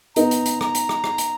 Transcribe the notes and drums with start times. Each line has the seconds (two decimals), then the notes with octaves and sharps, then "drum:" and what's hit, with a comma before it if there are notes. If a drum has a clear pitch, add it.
0.16 B3 D#4 A#5, drum: hi-hat
0.31 drum: hi-hat
0.46 drum: hi-hat
0.61 A#5, drum: rim click
0.75 drum: hi-hat
0.89 drum: rim click
1.04 drum: rim click
1.18 drum: hi-hat